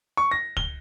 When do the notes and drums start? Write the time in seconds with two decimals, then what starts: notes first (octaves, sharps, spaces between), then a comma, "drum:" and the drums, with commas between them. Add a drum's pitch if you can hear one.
0.17 C#6
0.31 A#6
0.57 G7, drum: kick C#2